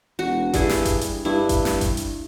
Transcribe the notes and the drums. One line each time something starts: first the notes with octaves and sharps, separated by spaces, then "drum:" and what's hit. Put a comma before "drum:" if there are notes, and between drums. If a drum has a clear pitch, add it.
E1 F#4
G2 G3 E4 G#4, drum: kick G1, hi-hat
drum: snare
drum: kick G1, hi-hat
drum: hi-hat
G2 E4
drum: kick G1, hi-hat
drum: snare
drum: kick G1, hi-hat
drum: hi-hat